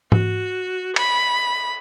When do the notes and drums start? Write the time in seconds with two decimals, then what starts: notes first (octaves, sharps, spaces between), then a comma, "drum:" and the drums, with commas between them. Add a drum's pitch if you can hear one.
0.12 F#4, drum: tom G#2
0.96 B5, drum: cymbal